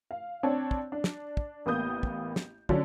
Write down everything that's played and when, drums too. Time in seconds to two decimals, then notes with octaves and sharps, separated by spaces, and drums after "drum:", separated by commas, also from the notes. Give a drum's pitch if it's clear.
0.11 F5
0.43 C4 D4 C#5 A5
0.71 drum: kick
0.92 D4
1.04 drum: snare
1.37 drum: kick
1.66 A1 A#3 B3 D#6 G6
2.03 drum: kick
2.36 drum: snare
2.69 D3 F#3 C#4 D4, drum: kick